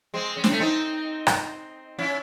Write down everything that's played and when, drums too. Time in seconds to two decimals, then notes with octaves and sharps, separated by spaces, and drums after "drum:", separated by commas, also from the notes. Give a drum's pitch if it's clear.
0.14 G#3 C4
0.37 C#4
0.44 C4, drum: snare
0.51 A3 C#4
0.60 C4 D#4
1.27 drum: rim click
1.99 C#4 E4